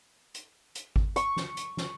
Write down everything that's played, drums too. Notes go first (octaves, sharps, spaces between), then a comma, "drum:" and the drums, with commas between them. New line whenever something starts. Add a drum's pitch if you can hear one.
drum: hi-hat
drum: hi-hat
drum: kick G#1
C#6, drum: hi-hat
drum: snare
drum: hi-hat
drum: snare